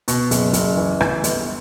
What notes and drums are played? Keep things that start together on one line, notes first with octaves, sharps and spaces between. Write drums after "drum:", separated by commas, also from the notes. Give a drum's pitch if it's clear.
B2, drum: hi-hat
F#1, drum: hi-hat
F#1, drum: hi-hat
E3
E3, drum: rim click
G1, drum: hi-hat